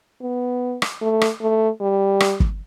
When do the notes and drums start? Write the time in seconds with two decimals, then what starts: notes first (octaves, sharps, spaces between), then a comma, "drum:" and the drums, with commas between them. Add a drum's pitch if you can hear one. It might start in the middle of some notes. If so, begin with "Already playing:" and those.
0.22 B3
0.82 drum: rim click
1.02 A3
1.21 drum: rim click
1.41 A3
1.81 G3
2.20 drum: rim click
2.40 drum: kick